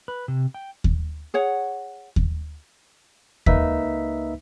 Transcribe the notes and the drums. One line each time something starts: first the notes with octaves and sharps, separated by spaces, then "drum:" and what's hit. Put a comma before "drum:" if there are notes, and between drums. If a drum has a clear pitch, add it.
B4
C3
G5
drum: kick D#2
G#4 C#5 F#5
drum: kick D#2
C#2 A#3 D#4 B4 E5 B6, drum: kick D#2